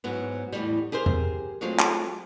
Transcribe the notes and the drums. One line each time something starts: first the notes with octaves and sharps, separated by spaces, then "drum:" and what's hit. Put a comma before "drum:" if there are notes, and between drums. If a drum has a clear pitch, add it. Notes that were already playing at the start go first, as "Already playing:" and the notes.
G#2 F#3 B3
E2 A2 G3
G4 G#4 A#4 C5
drum: tom E2
F#3 G#3 A3 C4 F4
drum: clap